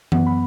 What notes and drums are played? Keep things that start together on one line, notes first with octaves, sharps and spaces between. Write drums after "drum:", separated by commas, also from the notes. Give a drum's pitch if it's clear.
F#2 F#3 B3 F#5, drum: tom E3
B5